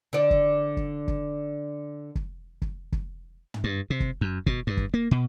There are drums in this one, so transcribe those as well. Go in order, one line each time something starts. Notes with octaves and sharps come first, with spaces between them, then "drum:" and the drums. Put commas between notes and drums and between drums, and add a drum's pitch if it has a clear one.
D3 D5
drum: kick
drum: kick
drum: kick
drum: kick
drum: kick
drum: kick
drum: tom
G2
C3
drum: kick
F#2
B2, drum: kick
G2
drum: kick
A#3
B2